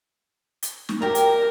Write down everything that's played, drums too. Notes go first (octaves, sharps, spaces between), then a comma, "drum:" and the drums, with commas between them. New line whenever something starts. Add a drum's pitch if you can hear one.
drum: hi-hat
drum: snare
G4 A#4 A#5
drum: hi-hat